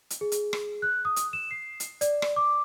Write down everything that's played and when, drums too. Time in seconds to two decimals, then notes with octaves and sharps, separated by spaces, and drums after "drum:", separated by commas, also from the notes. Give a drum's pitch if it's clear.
0.10 drum: hi-hat
0.21 G#4
0.32 drum: hi-hat
0.53 drum: rim click
0.82 F#6
1.05 D#6
1.16 drum: hi-hat
1.33 E7
1.51 C7
1.80 drum: hi-hat
2.01 D5, drum: hi-hat
2.22 drum: rim click
2.36 D6